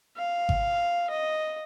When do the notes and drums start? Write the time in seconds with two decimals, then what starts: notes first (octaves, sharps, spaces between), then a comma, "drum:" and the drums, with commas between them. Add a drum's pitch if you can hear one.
0.17 F5
0.49 drum: kick G#1
1.10 D#5